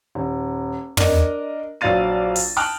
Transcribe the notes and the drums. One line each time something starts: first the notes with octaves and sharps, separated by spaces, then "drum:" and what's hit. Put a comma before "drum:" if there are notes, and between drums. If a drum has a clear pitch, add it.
D#1
D4 A#4 D#5, drum: tom
A#1 F#3 D5 F5 A6 D#7
drum: open hi-hat
G5 A5 D#6 F6 F#6